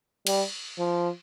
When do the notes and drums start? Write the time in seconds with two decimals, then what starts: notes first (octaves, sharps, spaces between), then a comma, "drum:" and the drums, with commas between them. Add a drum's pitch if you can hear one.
0.27 G3, drum: cymbal
0.78 F3